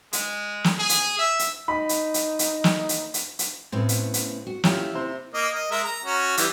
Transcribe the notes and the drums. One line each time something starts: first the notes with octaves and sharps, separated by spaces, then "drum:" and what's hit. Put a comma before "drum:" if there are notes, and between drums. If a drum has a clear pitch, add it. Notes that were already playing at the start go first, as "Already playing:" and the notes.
G#3, drum: hi-hat
drum: snare
G#4
drum: hi-hat
E5
drum: hi-hat
D#4 B5
drum: hi-hat
drum: hi-hat
drum: hi-hat
drum: snare
drum: hi-hat
drum: hi-hat
drum: hi-hat
A2 C#3 B3 C4
drum: hi-hat
drum: hi-hat
F#4
C#4 E4 F4 G4, drum: snare
C3 C5
A#3 D#5
D#5
G#3 A#4 E5
A#5
C#4 F#4
E3 G3, drum: hi-hat